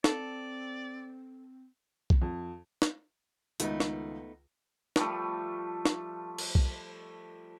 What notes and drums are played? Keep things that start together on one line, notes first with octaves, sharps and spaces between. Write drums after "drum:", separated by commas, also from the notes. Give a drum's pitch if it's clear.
C4 A4 D5, drum: snare
drum: kick
F2
drum: snare
C#2 D#3 A3 B3 D#4, drum: hi-hat
drum: snare
F3 G3 A3, drum: snare
drum: snare
drum: cymbal
drum: kick